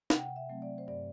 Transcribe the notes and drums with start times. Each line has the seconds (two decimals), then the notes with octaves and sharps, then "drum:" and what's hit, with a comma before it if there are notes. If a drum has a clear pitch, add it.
0.10 C3 F#5, drum: snare
0.17 G5
0.24 F#5
0.36 E5
0.49 F#3 A3 C4
0.62 D5
0.78 C5
0.87 G2 D5